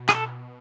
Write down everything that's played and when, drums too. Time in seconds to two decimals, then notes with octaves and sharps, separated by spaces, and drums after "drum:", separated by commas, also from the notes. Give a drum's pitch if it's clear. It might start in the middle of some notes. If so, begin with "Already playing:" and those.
Already playing: B2
0.09 G#4, drum: clap
0.15 A4